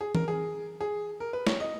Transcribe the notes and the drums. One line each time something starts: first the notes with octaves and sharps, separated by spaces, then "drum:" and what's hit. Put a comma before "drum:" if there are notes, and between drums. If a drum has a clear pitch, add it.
G#4
A#4, drum: tom E3
G#4
G#4
A#4
B4
C#5, drum: snare
D#5